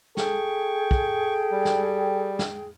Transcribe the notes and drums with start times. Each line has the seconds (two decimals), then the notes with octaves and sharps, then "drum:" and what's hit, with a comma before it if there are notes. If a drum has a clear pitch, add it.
0.17 G#4 A4 G5 C#6, drum: snare
0.91 drum: kick
1.51 G3
1.65 drum: snare
2.39 drum: snare